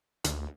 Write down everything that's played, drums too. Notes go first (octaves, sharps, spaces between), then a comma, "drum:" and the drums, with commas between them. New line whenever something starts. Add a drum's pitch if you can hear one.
D2, drum: hi-hat